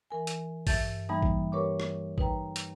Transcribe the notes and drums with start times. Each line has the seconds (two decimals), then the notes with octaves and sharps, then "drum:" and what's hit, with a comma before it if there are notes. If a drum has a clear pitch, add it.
0.10 E3 A#4 G#5
0.27 drum: hi-hat
0.67 G2 E5 A5 G6 A6, drum: kick A1, open hi-hat
1.09 E3 G3 A#3 D#4 A5 B5
1.22 drum: kick A1
1.52 G4 A#4 B4 C#5 C#6 D6
1.80 drum: rim click
2.18 D#4 B4 G5 A#5, drum: kick A1
2.56 drum: hi-hat